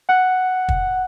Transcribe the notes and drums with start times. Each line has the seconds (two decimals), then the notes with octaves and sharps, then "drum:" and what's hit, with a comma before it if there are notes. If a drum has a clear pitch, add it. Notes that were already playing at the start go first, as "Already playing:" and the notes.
0.09 F#5
0.69 drum: kick